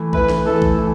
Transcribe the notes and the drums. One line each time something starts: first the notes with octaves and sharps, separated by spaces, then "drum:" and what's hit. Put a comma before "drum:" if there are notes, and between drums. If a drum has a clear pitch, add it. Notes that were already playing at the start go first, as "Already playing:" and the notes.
Already playing: E3 A3 E4
E3 A3 E4 B4, drum: kick
drum: snare
E3 A3 E4 A4
drum: kick
E3